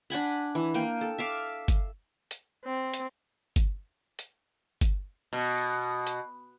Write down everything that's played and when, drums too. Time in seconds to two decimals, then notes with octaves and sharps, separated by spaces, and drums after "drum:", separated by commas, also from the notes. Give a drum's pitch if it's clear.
0.10 D4 F#5 G#5 B5
0.55 E3
0.74 A#3 G5
1.01 A4
1.18 E5 F5 D6
1.68 drum: kick G1, hi-hat
2.31 drum: hi-hat
2.65 C4
2.94 drum: hi-hat
3.56 drum: kick G1, hi-hat
4.19 drum: hi-hat
4.81 drum: kick G1, hi-hat
5.33 B2
6.07 drum: hi-hat